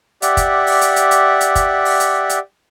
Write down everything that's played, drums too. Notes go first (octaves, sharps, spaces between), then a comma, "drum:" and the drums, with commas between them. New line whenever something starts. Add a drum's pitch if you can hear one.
G4 D5 E5 F#5, drum: hi-hat
drum: kick, hi-hat
drum: open hi-hat
drum: hi-hat
drum: hi-hat
drum: hi-hat
drum: hi-hat
drum: kick, hi-hat
drum: open hi-hat
drum: hi-hat
drum: hi-hat